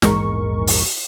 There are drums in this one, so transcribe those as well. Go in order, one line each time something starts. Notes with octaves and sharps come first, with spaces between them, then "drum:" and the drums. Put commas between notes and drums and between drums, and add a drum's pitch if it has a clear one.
A#1 E2 G#2 G#3 A#4 C#6, drum: snare
drum: open hi-hat